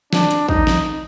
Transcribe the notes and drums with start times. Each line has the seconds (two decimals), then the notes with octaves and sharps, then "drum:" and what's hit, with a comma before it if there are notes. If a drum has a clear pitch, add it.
0.13 D4, drum: snare
0.31 drum: hi-hat
0.49 D#4, drum: kick
0.67 drum: snare